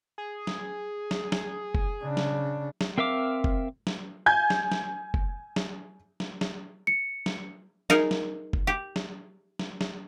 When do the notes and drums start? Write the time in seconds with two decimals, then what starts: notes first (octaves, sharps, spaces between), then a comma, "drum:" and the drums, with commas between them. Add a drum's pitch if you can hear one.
0.18 G#4
0.47 drum: snare
1.11 drum: snare
1.32 drum: snare
1.75 drum: kick
2.03 C#3 D4
2.17 drum: snare
2.81 drum: snare
2.98 C4 A#4 E5 F5 D6
3.44 drum: kick
3.87 drum: snare
4.26 G#5 G6 G#6
4.50 drum: snare
4.72 drum: snare
5.14 drum: kick
5.56 drum: snare
6.20 drum: snare
6.41 drum: snare
6.87 C#7
7.26 drum: snare
7.90 D#4 G#4 A#4, drum: snare
8.11 drum: snare
8.53 drum: kick
8.67 G4
8.96 drum: snare
9.59 drum: snare
9.81 drum: snare